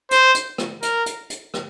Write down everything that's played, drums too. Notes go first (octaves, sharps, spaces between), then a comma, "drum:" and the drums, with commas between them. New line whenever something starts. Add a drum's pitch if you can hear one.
C5, drum: hi-hat
drum: hi-hat
drum: rim click
A#4, drum: hi-hat
drum: hi-hat
drum: hi-hat
drum: rim click